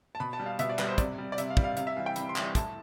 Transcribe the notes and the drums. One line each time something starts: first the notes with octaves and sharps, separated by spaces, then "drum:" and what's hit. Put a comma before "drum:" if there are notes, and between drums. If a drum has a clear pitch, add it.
A5
B2 B5
A5
G3
F5
B2 E5, drum: hi-hat
D5
G3 B4, drum: clap
C5
C3 D5, drum: kick, hi-hat
G3
D5
C3 E5, drum: hi-hat
F5
G3, drum: kick
F5
C3 F5, drum: hi-hat
E5
E3 G3 F5
G5
C3 B5, drum: hi-hat
C6
E3 G3, drum: clap
A2 A5, drum: kick, hi-hat